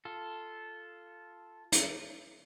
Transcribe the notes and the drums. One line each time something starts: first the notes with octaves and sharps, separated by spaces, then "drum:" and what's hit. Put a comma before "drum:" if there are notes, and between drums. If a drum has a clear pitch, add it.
F4 A4
drum: hi-hat